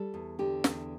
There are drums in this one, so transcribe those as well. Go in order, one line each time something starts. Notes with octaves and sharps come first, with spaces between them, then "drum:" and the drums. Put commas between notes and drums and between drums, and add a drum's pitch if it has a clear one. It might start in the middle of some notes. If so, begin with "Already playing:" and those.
Already playing: G3 A4
E2
D3 G4
E2, drum: snare